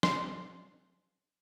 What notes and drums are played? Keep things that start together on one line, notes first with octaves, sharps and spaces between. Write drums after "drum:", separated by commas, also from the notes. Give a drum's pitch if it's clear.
C6, drum: snare